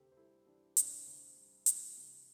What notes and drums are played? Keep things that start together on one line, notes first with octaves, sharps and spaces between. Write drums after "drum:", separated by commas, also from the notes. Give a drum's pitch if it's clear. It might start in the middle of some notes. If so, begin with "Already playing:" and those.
Already playing: D2 C3 G4 A4 C5
C5
G3 E4 A4
E3 D4 G4
C3 D4, drum: hi-hat
D2
G3
E3, drum: hi-hat
C3